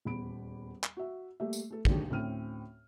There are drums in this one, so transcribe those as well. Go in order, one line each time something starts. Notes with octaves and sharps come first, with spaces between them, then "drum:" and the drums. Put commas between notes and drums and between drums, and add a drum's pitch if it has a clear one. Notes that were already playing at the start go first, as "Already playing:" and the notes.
D#1 E2 B5 D7
drum: clap
F#4 E5
G3 A3 A#3 G4 E5
drum: tambourine
A3 A4
D#2 D3 D#3 F#3 G#3 D4, drum: kick
D2 A2 C4 C#4 F6 D#7